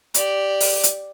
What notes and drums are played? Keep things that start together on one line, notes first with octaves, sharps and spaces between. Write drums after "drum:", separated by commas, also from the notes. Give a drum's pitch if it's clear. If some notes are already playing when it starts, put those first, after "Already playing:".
G4 D5, drum: hi-hat
drum: open hi-hat
drum: hi-hat